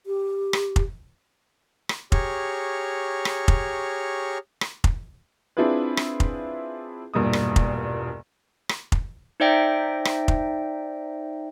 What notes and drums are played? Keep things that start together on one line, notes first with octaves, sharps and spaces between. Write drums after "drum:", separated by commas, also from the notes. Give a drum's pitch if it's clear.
G4
drum: rim click
drum: kick F1
drum: rim click
G4 G#4 C#5 A#5 C#6 F6, drum: kick F1
drum: rim click
drum: kick F1
drum: rim click
drum: kick F1
C4 D4 E4 F4 G#4 B4
drum: rim click
drum: kick F1
E1 G2 A#2 D#6
drum: rim click
drum: kick F1
drum: rim click
drum: kick F1
D#4 C5 D5 E5 G5 A#6
drum: rim click
drum: kick F1